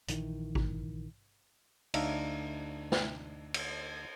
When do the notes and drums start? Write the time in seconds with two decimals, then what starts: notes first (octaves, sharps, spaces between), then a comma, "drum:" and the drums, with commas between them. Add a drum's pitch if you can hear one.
0.08 A#1 D#3 E3, drum: hi-hat
0.55 drum: kick G#1
1.94 D2 D4 D#4 E5 F5, drum: cymbal
2.92 drum: snare
3.54 drum: cymbal